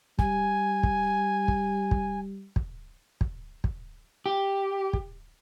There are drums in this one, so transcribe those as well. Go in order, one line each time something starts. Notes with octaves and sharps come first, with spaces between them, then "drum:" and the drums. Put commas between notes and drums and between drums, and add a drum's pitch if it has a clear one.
G3 G#5, drum: kick
drum: kick
drum: kick
drum: kick
drum: kick
drum: kick
drum: kick
G4
drum: kick